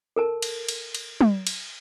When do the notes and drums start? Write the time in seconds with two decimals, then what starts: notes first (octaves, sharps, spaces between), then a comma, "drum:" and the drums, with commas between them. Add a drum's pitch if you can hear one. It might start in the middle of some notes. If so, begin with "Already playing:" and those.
0.16 A4 A#4 A5
0.42 drum: cymbal
0.69 drum: cymbal
0.95 drum: cymbal
1.21 drum: tom
1.47 drum: cymbal